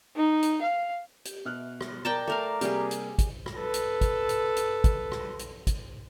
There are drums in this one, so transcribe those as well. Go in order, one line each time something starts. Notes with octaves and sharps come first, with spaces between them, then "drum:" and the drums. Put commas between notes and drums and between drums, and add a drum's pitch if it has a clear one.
D#4
drum: hi-hat
F5
G4, drum: hi-hat
B2 E5 F6 F#6
drum: rim click
A#4 D5 G5 A5 A#5
A3 A#4 F5 A#5 D6
C3 G3 A#3 G4 G#4, drum: hi-hat
drum: hi-hat
drum: kick, hi-hat
drum: rim click
A4 B4
drum: hi-hat
drum: kick, hi-hat
drum: hi-hat
drum: hi-hat
drum: kick, hi-hat
drum: rim click
drum: hi-hat
drum: kick, hi-hat